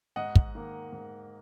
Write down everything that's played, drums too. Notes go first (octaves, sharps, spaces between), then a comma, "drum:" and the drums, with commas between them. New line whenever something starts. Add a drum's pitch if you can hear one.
G#2 D#5 F#5
drum: kick
D#3 A#3
G#2